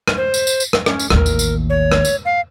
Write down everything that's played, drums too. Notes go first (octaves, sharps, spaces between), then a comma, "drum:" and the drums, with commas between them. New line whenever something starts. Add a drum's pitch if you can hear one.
drum: rim click
C5
drum: tambourine
drum: tambourine
drum: tambourine
drum: rim click
C#4, drum: rim click
drum: tambourine
A1 D#2 A#4, drum: rim click
drum: tambourine
drum: tambourine
C#5
drum: rim click
drum: tambourine
F5